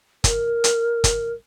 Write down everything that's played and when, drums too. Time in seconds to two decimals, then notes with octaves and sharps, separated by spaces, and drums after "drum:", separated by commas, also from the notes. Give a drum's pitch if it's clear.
0.24 A#4, drum: kick G1, hi-hat
0.64 drum: hi-hat
1.04 drum: kick G1, hi-hat